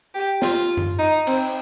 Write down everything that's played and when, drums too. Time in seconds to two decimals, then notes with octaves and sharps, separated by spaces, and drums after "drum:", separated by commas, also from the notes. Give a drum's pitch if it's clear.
0.14 G4
0.42 F4, drum: snare
0.77 drum: tom F#2
0.99 D#4
1.27 C4, drum: cymbal